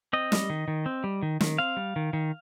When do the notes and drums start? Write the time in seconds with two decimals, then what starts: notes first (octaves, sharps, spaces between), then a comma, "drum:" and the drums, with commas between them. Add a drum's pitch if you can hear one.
0.13 C4 D#5
0.32 G3, drum: snare
0.50 D#3
0.68 D#3
0.86 C4
1.04 G3
1.23 D#3
1.41 D#3, drum: snare
1.58 C4 F5
1.77 G3
1.96 D#3
2.13 D#3